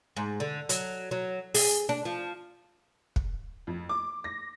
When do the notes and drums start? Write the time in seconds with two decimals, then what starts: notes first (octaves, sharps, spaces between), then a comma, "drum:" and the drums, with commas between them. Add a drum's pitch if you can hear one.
0.17 G#2
0.40 D3
0.69 F#3, drum: hi-hat
1.11 F#3
1.54 G#4, drum: open hi-hat
1.89 D4
2.05 F3
3.16 drum: kick
3.67 F2
3.89 D6
4.24 A#6